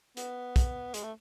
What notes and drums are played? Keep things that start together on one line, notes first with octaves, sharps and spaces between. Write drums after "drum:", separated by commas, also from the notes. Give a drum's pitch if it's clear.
B3, drum: hi-hat
drum: kick, hi-hat
G#3, drum: hi-hat
A3